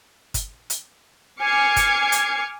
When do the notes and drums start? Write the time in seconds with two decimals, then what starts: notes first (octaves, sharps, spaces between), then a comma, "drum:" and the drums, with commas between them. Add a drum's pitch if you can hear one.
0.34 drum: kick G1, hi-hat
0.70 drum: hi-hat
1.41 G#5 D6 F6 G#6 C7 C#7
1.76 drum: kick G1, hi-hat
2.12 drum: hi-hat